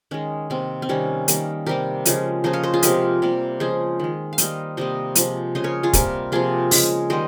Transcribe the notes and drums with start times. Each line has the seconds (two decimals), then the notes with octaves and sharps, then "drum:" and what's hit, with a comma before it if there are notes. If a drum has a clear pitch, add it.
0.11 D#3 G#3 C#4
0.50 C3 D#3 A#3 C4
0.82 C4
0.89 C3 D#3 G3 A#3 C#4
1.28 D#3 G3 A#3, drum: hi-hat
1.66 C3 G3 A#3 G4 A#4
2.05 C#3 F3 G#3, drum: hi-hat
2.44 C#3 F3 A#3 C5 D#5
2.53 C#5 F5
2.63 C5 D#5
2.74 F4 G#4
2.83 C3 F3 G#3 G4 A#4, drum: hi-hat
3.22 C3 G3 A#3
3.60 C#3 F3 G#3 G#4 C5
4.00 D#3 G#3
4.33 F5
4.38 D#3 G3 A#3 C5 D#5, drum: hi-hat
4.77 C3 G3 A#3 C5 D#5
5.15 C3 F3 G#3, drum: hi-hat
5.55 C#3 G#3 C5 D#5
5.64 A#4 C#5
5.83 F4 G#4
5.93 C3 G3 A#3 G4 A#4, drum: kick, hi-hat
6.32 C3 F3 A#3 F4 G#4
6.71 C#3 G#3, drum: open hi-hat
7.10 D#3 G3 A#3 C5 D#5